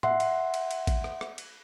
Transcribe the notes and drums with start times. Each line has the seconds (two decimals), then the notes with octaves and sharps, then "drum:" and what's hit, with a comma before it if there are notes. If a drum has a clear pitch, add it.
0.03 E5 F#5 C6, drum: tom A2
0.20 drum: cymbal
0.54 drum: cymbal
0.71 drum: cymbal
0.87 drum: kick A1, cymbal
1.04 drum: rim click
1.21 drum: rim click
1.38 drum: cymbal